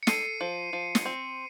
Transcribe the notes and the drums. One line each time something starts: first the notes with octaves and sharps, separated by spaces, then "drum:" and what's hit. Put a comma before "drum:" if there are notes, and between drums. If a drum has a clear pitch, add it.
C#7
A4 C7 D#7, drum: snare
F3
F3
drum: snare
C4